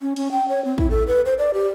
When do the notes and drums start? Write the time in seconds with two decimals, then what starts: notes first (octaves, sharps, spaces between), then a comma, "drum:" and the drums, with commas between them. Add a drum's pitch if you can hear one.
0.01 C#4
0.16 C#4, drum: cymbal
0.31 G5
0.49 C#5
0.65 C4
0.78 E4, drum: kick
0.90 A4
1.07 B4
1.26 C5
1.38 D5
1.54 G4